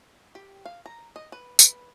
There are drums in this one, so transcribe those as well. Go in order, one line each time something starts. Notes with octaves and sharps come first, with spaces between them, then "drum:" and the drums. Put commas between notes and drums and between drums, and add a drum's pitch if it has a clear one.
G4
F5
A#5
D#5
B4
B4, drum: tambourine